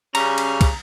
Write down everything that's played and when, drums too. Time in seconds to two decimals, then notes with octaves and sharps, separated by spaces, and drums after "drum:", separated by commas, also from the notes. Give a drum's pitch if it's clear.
0.15 C#3 G3 C#4 A#5, drum: cymbal
0.38 drum: cymbal
0.61 drum: kick, cymbal